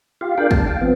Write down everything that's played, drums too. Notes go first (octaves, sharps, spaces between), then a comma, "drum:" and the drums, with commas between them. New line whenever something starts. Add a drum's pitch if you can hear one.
F4 G4 F5
D4 G#4 A#4 D5 F5 G5
A5, drum: kick
F5 G5
F3 B3 C4